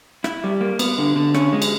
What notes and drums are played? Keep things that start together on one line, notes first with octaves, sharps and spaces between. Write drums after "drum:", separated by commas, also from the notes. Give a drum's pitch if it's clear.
E4, drum: rim click
G3
A#3
B3, drum: cymbal
D3
D3
C#4, drum: rim click
G#3
drum: cymbal